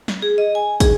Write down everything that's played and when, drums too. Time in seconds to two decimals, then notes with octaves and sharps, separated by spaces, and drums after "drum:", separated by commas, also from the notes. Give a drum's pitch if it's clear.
0.08 drum: snare
0.22 G#4
0.38 D#5
0.55 G#5
0.80 G#4, drum: kick, hi-hat